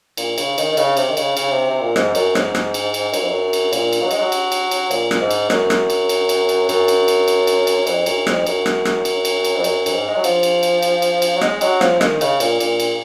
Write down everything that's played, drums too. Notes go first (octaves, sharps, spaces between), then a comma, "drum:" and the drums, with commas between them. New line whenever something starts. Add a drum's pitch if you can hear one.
A#2, drum: cymbal
C#3, drum: cymbal
D#3, drum: cymbal
D#3
C#3, drum: cymbal
C3, drum: cymbal
D#3
C#3, drum: cymbal
C#3, drum: cymbal
C3
C3
A#2
G#2, drum: rim click
F#2, drum: cymbal
G#2, drum: rim click
drum: rim click
drum: cymbal
drum: cymbal
F#2, drum: cymbal
F2
F#2
drum: cymbal
A#2, drum: cymbal
drum: cymbal
F#3
G#3, drum: cymbal
F#3
drum: cymbal
drum: cymbal
drum: cymbal
A#2, drum: cymbal
drum: rim click
G#2
drum: cymbal
F#2, drum: rim click
drum: rim click
drum: cymbal
drum: cymbal
drum: cymbal
drum: cymbal
F#2, drum: cymbal
drum: cymbal
drum: cymbal
drum: cymbal
drum: cymbal
drum: cymbal
F2, drum: cymbal
F#2, drum: cymbal
F2, drum: rim click
F#2, drum: cymbal
drum: rim click
drum: rim click
drum: cymbal
drum: cymbal
drum: cymbal
F2
F#2, drum: cymbal
F#2, drum: cymbal
G#2
G#3
F#3
F3, drum: cymbal
drum: cymbal
drum: cymbal
drum: cymbal
drum: cymbal
drum: cymbal
F#3
G#3, drum: rim click
F#3, drum: cymbal
F3, drum: rim click
D#3, drum: rim click
C#3, drum: cymbal
A#2, drum: cymbal
A#2, drum: cymbal
drum: cymbal